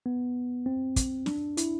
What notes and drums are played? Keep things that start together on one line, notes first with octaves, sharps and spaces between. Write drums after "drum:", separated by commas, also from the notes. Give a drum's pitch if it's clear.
B3
C4
drum: kick, hi-hat
D4, drum: snare
E4, drum: hi-hat